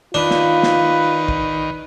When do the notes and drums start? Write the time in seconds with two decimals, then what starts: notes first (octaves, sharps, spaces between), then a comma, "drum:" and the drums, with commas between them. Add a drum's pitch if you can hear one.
0.14 D#3 D4 F4 B4
0.31 drum: snare
0.63 drum: snare
1.28 drum: kick